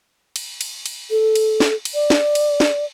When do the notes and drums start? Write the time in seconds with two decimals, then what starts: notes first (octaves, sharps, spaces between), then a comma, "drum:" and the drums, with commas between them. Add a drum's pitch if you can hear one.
0.36 drum: cymbal
0.61 drum: cymbal
0.86 drum: cymbal
1.11 A4
1.35 drum: cymbal
1.60 drum: snare
1.85 drum: cymbal
1.94 D5
2.10 drum: snare
2.35 drum: cymbal
2.60 drum: snare